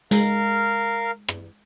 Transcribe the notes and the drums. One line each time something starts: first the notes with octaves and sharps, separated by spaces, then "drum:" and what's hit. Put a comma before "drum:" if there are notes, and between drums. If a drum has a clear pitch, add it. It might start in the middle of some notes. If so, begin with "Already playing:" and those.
G#3 A#4 F5, drum: hi-hat
drum: rim click